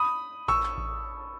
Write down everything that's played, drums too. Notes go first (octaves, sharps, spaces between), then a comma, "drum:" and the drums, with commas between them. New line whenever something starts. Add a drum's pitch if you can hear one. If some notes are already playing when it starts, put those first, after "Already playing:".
Already playing: B5 D#6
C#6 E6, drum: kick A1
drum: clap
drum: kick A1